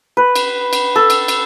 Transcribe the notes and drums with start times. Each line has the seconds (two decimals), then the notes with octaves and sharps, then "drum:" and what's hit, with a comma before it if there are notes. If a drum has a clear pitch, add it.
0.17 B4
0.36 drum: cymbal
0.73 drum: cymbal
0.96 A4
1.10 drum: cymbal
1.28 drum: cymbal